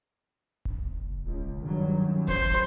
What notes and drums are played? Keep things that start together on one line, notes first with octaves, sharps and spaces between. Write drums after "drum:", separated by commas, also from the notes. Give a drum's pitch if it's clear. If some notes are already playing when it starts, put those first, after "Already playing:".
drum: kick D1
F#1
C#2
G2 D#3 F#3
F#2
G#1 C5, drum: kick D1